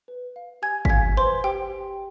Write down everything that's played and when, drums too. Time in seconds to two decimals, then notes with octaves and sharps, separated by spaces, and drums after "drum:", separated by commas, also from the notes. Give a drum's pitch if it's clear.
0.08 B4
0.36 F5
0.62 G4 G#5 G#6
0.85 B6, drum: kick G1
0.89 F5 G#5 G#6
1.17 B4 C5 C6
1.44 G4 G5